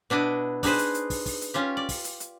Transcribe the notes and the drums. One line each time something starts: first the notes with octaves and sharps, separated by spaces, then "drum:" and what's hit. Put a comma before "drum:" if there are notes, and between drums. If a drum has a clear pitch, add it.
B2 D4 E4 D#5
D4 D#4 G#4 B4 C5, drum: kick, open hi-hat
drum: hi-hat
drum: hi-hat
drum: kick, open hi-hat
drum: kick, open hi-hat
drum: hi-hat
C#4 F4 G4
D5
drum: kick, open hi-hat
drum: hi-hat
drum: hi-hat